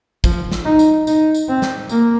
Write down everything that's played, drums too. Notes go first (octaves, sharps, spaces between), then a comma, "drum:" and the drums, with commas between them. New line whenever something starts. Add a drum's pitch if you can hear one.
F3, drum: kick, tambourine
drum: snare
D#4
drum: tambourine
D#4, drum: tambourine
drum: tambourine
C4
drum: snare
A#3, drum: tambourine